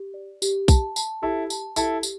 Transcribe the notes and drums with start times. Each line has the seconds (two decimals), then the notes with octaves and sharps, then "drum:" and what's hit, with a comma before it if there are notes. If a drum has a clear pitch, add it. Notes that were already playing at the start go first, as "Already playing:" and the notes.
Already playing: G4
0.14 D5
0.42 G4, drum: tambourine
0.68 A5, drum: kick B1, tambourine
0.96 A5, drum: tambourine
1.22 E4 G4 A4
1.50 A5, drum: tambourine
1.76 E4 G4 A4, drum: tambourine
2.03 G4, drum: tambourine